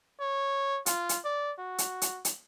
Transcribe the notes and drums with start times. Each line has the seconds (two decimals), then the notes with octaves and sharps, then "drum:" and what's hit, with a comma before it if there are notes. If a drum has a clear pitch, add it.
0.20 C#5
0.86 F4, drum: hi-hat
1.09 drum: hi-hat
1.25 D5
1.59 F#4
1.78 drum: hi-hat
2.02 drum: hi-hat
2.25 drum: hi-hat